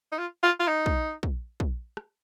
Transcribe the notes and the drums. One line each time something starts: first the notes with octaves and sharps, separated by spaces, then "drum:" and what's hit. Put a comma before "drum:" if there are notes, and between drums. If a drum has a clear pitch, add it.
D#4
F4
F4
F4
D#4
drum: kick
drum: kick
drum: kick
drum: rim click